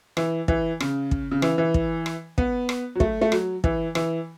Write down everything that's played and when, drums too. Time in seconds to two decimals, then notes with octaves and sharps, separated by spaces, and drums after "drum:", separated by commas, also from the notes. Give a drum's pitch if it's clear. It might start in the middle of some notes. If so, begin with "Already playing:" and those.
0.17 E3, drum: rim click
0.48 E3, drum: kick
0.80 C#3, drum: rim click
1.11 drum: kick
1.31 C#3
1.42 E3, drum: rim click
1.58 E3
1.74 drum: kick
2.06 drum: rim click
2.38 B3, drum: kick
2.69 drum: rim click
2.95 F#3
3.00 A3, drum: kick
3.22 A3
3.32 F#3, drum: rim click
3.64 E3, drum: kick
3.95 E3, drum: rim click